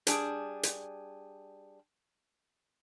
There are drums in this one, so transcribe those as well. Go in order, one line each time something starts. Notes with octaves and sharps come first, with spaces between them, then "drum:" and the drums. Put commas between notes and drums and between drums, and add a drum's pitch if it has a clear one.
G3 D4 G#4, drum: hi-hat
drum: hi-hat